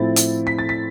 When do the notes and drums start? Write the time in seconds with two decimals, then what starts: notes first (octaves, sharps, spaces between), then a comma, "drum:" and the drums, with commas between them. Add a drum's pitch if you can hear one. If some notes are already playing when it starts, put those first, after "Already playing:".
Already playing: A2 F3 C4 E4 A6
0.16 drum: hi-hat
0.47 B6
0.59 A6
0.69 B6